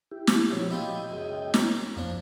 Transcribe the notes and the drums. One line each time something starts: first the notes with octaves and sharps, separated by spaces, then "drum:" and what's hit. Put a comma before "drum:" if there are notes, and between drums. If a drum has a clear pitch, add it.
E4 G4
drum: snare
A#1 F#3
E4 F4 G4 D#5 G5
C#2 F#2
C#4 A#4 A#5 D6, drum: snare
F2 F3 D4